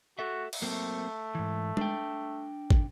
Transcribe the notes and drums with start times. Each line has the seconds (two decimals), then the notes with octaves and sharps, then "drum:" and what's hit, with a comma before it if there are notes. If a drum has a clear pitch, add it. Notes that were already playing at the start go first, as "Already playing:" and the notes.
0.19 F#4 A4 E5
0.53 drum: cymbal
0.62 F#3 A3 A#3 C4
1.35 G#2 E3
1.77 D4 G5, drum: tom G#3
2.71 drum: kick